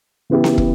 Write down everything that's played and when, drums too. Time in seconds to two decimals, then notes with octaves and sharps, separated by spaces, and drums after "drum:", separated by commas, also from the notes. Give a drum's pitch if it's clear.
0.30 C#3 E3 B3 E4 G4
0.44 drum: snare B3
0.58 drum: kick